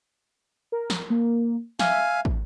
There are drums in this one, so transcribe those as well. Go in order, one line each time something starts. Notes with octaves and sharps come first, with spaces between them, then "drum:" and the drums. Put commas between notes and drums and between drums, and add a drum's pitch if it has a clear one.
A#4
drum: snare
A#3
E5 F5 G#5, drum: snare
drum: kick